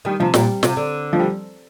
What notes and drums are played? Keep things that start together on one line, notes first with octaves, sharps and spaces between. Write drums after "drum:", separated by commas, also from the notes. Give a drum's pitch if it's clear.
D#3 G3
C3 F3
A#2 G3, drum: snare
C3, drum: snare
D3
F3
G3